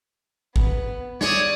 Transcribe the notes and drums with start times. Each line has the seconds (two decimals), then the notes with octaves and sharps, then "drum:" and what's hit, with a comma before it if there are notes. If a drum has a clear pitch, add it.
0.56 B3, drum: kick
1.21 C#5 D5 D#6, drum: snare